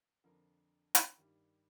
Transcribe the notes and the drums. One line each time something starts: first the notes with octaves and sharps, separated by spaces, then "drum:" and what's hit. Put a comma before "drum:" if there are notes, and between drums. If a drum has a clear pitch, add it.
F2 D3 F3 A#4
drum: hi-hat
G2 D#3 G3